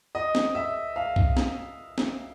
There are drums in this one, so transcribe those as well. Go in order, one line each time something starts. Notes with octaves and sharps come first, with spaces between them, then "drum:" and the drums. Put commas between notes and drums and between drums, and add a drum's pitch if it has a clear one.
D#5
drum: snare
E5
F5
drum: kick B1
drum: snare
drum: snare